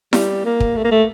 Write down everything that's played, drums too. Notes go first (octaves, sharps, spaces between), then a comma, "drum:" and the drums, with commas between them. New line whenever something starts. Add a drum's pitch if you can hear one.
G3, drum: snare E4
A#3
drum: kick
A3
A#3
A3